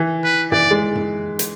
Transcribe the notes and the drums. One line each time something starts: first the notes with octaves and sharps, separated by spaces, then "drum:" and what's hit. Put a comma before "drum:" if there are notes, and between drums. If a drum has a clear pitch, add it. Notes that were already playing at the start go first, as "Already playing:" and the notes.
Already playing: E3
B4
E3 D5, drum: tom F#2
G#3
drum: tom F#2
drum: hi-hat